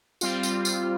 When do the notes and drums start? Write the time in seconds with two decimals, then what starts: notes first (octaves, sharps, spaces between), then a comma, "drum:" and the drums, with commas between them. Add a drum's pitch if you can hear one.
0.21 G3 C4 F4, drum: tambourine
0.43 drum: tambourine
0.65 drum: tambourine